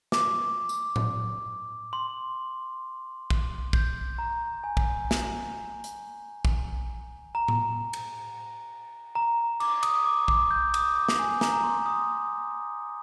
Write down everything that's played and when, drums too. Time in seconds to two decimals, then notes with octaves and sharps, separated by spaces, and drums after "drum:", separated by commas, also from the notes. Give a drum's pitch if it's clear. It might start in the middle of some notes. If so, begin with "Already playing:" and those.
0.12 D6, drum: snare
0.69 drum: tambourine
0.96 drum: tom A2
1.93 C6
3.30 drum: kick
3.73 G6, drum: kick
4.18 A#5
4.64 G#5
4.77 drum: kick
5.11 drum: snare
5.84 drum: hi-hat
6.45 drum: kick
7.35 A#5
7.48 drum: tom A2
7.93 drum: cymbal
9.15 A#5
9.60 D6, drum: cymbal
9.83 D#6, drum: cymbal
10.06 D6
10.28 D6, drum: kick
10.51 G6
10.74 D#6, drum: cymbal
10.96 D6
11.09 drum: snare
11.19 G#5
11.41 A#5, drum: snare
11.53 A#5
11.64 C6
11.86 D#6